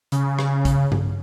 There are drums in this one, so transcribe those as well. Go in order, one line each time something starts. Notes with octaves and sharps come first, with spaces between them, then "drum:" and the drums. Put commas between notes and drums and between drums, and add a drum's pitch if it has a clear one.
C#3, drum: hi-hat
drum: rim click
drum: kick, hi-hat
drum: tom G2